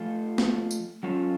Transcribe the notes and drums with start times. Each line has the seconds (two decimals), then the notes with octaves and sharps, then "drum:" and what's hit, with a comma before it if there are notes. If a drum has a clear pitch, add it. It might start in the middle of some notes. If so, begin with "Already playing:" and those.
Already playing: F3 A3 F4 A4
0.38 drum: snare B3
0.71 drum: tambourine
1.03 F#3 C#4 F4 A4